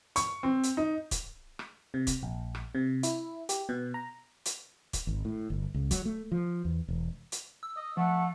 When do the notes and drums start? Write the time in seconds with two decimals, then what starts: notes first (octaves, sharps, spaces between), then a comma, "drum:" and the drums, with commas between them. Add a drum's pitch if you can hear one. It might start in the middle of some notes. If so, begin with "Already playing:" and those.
0.16 C#6, drum: hi-hat
0.43 C4
0.64 drum: hi-hat
0.77 D#4
1.11 drum: kick, hi-hat
1.59 drum: rim click
1.94 C3
2.07 drum: kick, hi-hat
2.23 A#1
2.55 drum: rim click
2.75 C3
3.03 E4, drum: hi-hat
3.49 G4, drum: hi-hat
3.69 B2
3.94 A#5
4.46 drum: hi-hat
4.93 drum: kick, hi-hat
5.07 G#1
5.25 A2
5.50 G1
5.74 C#2
5.91 F#3, drum: kick, hi-hat
6.05 A3
6.32 F3
6.65 E2
6.88 E1
7.32 drum: hi-hat
7.63 E6
7.76 D#5
7.97 F3 A3 F#5